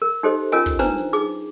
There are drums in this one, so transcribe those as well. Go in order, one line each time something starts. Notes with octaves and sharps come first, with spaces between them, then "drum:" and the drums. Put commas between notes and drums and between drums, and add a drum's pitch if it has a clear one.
A#4
D#4 G4 A4 C5 D#5
C#4 F4 A#4 D#5 G#5, drum: open hi-hat
drum: kick, open hi-hat
D4 D#4 B4 C5 A#5, drum: snare
drum: hi-hat
D#4 G#4 D6, drum: hi-hat